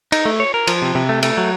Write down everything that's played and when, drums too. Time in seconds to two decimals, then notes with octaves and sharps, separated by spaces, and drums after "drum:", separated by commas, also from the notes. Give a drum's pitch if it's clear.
0.12 D#4, drum: cymbal
0.25 A3
0.40 C#5
0.54 A#4
0.67 F3, drum: cymbal
0.82 C3
0.95 C3
1.09 A3
1.23 A3, drum: cymbal
1.38 F#3